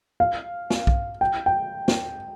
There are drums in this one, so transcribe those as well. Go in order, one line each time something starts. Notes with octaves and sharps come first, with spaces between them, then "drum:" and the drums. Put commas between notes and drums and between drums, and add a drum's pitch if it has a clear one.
F5
drum: snare
drum: kick B1
G5
G5
drum: snare